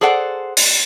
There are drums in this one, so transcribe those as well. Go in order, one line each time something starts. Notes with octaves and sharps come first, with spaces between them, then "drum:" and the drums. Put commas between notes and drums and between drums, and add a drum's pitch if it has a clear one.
G#4 A4 C5 D5 F#5
drum: open hi-hat